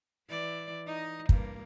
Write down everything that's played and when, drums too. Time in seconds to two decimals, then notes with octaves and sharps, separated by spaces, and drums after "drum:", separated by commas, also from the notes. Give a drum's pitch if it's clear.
0.28 E3 D5
0.86 D#4 D#5
1.29 G2 A#3, drum: kick